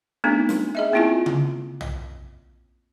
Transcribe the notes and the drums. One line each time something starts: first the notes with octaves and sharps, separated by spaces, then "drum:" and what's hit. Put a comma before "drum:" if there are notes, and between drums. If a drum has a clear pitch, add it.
A3 B3 C4 D4 D#4
drum: snare
G#4 D#5 E5
A#3 C4 C#4 E4 F4 G#5
drum: tom C#3
drum: tom